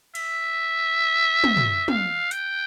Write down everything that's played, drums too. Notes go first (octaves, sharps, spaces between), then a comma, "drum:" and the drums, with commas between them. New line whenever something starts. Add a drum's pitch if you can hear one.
E5, drum: cymbal
drum: tom
drum: tom
F5, drum: tom
G5, drum: hi-hat